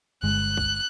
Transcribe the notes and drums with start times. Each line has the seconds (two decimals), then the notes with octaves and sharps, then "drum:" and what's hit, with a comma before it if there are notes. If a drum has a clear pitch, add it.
0.23 G1 G#3 F#6
0.57 drum: kick C2